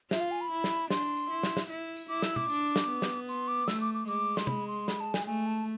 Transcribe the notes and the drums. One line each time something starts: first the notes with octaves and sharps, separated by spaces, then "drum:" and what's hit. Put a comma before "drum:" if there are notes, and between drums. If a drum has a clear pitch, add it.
F4 E5, drum: snare
F5
G#5
B5
E4
drum: snare
D4 C6, drum: snare
drum: tambourine
E4
drum: snare
drum: snare
E4, drum: tambourine
drum: tambourine
E4 D6
E6, drum: snare
D6, drum: tom
D4, drum: tambourine
drum: snare
B3
drum: snare
C6, drum: tambourine
D6
A3 E6, drum: snare
D6, drum: tambourine
D6
G#3 D6, drum: tambourine
C6, drum: snare
B5, drum: tom C3
C6
B5, drum: snare
A5
G#5, drum: snare
A3 G#5
A5